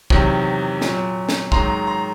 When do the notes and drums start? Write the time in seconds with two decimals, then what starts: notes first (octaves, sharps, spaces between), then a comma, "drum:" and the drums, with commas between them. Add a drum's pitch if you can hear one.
0.10 E2 C3 D#3 F#3, drum: kick A#1
0.81 A#2 F#3, drum: snare
1.29 drum: snare
1.52 G#2 D#3 F#3 A#5 C6, drum: kick A#1
1.70 A#5 C6
1.87 A#5 C6